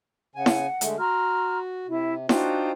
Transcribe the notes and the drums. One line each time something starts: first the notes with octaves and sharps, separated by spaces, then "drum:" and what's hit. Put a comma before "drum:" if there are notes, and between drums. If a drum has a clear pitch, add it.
C#3 F#5 G#5
drum: snare E4
D3 G#3 A3, drum: hi-hat
F#4 A#5 C6 F6
C3 E4
D4 D#4 F4 F#4 C5 G5, drum: snare E4